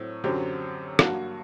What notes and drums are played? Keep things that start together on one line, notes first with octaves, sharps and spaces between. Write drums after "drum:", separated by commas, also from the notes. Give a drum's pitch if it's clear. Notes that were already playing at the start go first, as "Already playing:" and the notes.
Already playing: A2 F#3 C4
F#2 D3 F#3 C4 G4
G2 F#3 A#3 F#4, drum: rim click